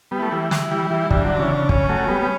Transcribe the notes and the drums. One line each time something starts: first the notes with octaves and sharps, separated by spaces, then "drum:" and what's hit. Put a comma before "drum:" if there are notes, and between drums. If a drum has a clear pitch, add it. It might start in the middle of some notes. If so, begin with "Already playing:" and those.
G3 B3
A3 E4
E3 G3
drum: snare
E3 G3
E3 G3
E3 G3 D4, drum: kick
D3 F#3
C#3 E3
C#3
C#3 C#4, drum: kick
F#3 A3
G3 B3
B3